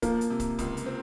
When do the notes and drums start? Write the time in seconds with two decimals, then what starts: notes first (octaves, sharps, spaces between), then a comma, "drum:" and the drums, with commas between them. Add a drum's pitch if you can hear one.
0.02 F3 A#3, drum: kick, hi-hat
0.21 drum: hi-hat
0.30 C3
0.40 drum: kick, hi-hat
0.59 C#2, drum: kick, hi-hat
0.77 drum: hi-hat
0.86 C4